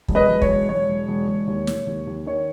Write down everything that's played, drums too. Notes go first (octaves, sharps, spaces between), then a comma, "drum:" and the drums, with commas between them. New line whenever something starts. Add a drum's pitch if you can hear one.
E1, drum: kick
B4 D#5
E1
C#5, drum: kick
E1
E1 C#5
E1
E1
E1
D#2
E1, drum: snare
D#2
D#2
D#3 C#5